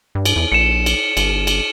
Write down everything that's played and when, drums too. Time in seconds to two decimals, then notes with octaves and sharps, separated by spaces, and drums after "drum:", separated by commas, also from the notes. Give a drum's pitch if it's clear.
0.15 G2
0.25 drum: cymbal
0.36 E2
0.52 A#1 C#7 E7
0.86 drum: cymbal
1.17 G1, drum: cymbal
1.47 drum: cymbal